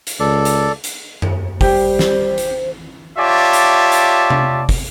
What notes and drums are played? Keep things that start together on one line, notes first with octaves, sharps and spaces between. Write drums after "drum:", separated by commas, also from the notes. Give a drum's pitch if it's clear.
drum: hi-hat
C#2 A4 D5
drum: hi-hat
drum: hi-hat
drum: tom F#2
G3 G4 C5, drum: kick, open hi-hat
drum: snare
drum: hi-hat
F4 G4 C#5 D5 E5 A5
drum: hi-hat
drum: hi-hat
drum: tom C3
drum: kick, open hi-hat